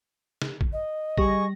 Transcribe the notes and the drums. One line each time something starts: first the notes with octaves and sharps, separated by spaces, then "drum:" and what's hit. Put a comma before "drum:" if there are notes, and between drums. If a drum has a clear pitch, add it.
drum: snare
drum: kick A1
D#5
G3 G4 G#4 C#6 A#6, drum: kick A1